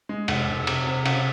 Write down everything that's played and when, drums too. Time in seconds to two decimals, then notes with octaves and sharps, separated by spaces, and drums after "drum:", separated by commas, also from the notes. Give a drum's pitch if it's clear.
0.09 G#3
0.28 F1 F#5, drum: cymbal
0.48 F1
0.67 C3, drum: cymbal
0.87 C3
1.06 C#3 F#5, drum: cymbal